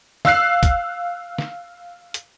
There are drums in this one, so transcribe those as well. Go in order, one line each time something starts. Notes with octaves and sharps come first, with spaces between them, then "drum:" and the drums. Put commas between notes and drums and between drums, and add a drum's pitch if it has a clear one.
F5 E6 F#6 C7, drum: snare
drum: kick, hi-hat
drum: snare
drum: hi-hat